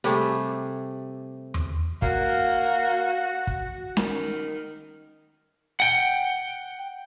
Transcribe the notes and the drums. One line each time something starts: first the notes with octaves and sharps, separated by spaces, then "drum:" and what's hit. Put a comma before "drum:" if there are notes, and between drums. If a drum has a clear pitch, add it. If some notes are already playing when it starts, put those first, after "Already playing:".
C3 G3 A3 G#4, drum: hi-hat
drum: tom E2
A#3 F#4, drum: kick
drum: kick
D#3, drum: snare C#4
F#5 G5